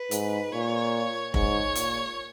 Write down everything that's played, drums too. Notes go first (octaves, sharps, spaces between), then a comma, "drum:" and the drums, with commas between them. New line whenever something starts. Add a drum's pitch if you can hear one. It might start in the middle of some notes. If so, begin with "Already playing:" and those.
Already playing: B4
G#2, drum: hi-hat
A#2 C#5
G#2 C#5, drum: kick F1
A#2, drum: hi-hat